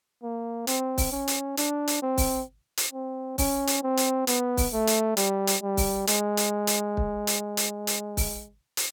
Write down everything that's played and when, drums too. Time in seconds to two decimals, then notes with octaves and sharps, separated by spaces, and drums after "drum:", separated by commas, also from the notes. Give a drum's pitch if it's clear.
0.23 A#3
0.67 C4, drum: hi-hat
0.98 drum: kick, open hi-hat
1.12 C#4
1.28 drum: hi-hat
1.57 D4, drum: hi-hat
1.88 drum: hi-hat
2.02 C4
2.18 drum: kick, open hi-hat
2.77 drum: hi-hat
2.93 C4
3.38 C#4, drum: kick, open hi-hat
3.67 drum: hi-hat
3.83 C4
3.97 drum: hi-hat
4.27 B3, drum: hi-hat
4.57 drum: kick, open hi-hat
4.73 A3
4.87 drum: hi-hat
5.17 G3, drum: hi-hat
5.47 drum: hi-hat
5.62 G3
5.77 drum: kick, open hi-hat
6.07 G#3, drum: hi-hat
6.37 drum: hi-hat
6.67 drum: hi-hat
6.97 drum: kick
7.27 drum: hi-hat
7.57 drum: hi-hat
7.87 drum: hi-hat
8.17 drum: kick, open hi-hat
8.77 drum: hi-hat